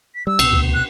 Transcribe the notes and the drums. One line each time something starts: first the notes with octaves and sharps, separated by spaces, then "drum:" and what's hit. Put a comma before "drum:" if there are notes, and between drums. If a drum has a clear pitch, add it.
B6
G3 E6
C2 B2, drum: cymbal
D2
F#6